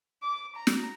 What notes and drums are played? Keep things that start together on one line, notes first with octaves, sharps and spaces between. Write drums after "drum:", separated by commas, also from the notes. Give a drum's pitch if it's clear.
D6
A#5
drum: snare